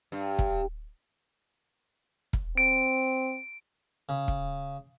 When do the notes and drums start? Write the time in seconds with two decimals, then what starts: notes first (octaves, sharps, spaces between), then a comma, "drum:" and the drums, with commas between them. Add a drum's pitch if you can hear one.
0.12 G2
0.39 drum: kick E1
2.33 drum: kick E1
2.58 C4 D7
4.09 C#3
4.28 drum: kick E1